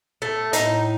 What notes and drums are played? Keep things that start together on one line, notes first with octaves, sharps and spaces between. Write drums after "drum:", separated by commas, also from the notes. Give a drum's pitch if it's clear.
A3
A2 D#4, drum: hi-hat